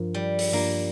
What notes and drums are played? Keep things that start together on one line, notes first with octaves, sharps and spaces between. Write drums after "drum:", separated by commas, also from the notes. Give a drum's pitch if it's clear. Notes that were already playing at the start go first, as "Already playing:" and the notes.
Already playing: G2 F3 D4 F4 A#4
G3
drum: open hi-hat
G2 F3 A#3 D4 F4 A#4